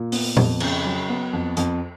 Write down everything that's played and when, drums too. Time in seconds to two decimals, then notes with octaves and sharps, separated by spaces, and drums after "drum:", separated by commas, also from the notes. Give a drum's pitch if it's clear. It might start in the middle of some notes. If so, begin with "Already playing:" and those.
Already playing: A#2
0.12 B3, drum: open hi-hat
0.37 F2, drum: tom A#2
0.60 C#3, drum: cymbal
0.85 F#3
1.09 B3
1.33 F2
1.57 F2, drum: hi-hat